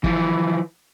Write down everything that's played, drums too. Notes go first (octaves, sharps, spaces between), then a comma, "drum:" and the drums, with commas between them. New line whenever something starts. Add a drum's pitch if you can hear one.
E3 F3, drum: kick